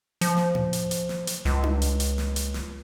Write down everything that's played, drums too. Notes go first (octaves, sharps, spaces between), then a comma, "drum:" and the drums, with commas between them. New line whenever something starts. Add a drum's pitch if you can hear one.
F3, drum: hi-hat
drum: snare
drum: tom A2
drum: hi-hat
drum: hi-hat
drum: snare
drum: hi-hat
C#2, drum: snare
drum: tom D4
drum: hi-hat
drum: hi-hat
drum: snare
drum: hi-hat
drum: snare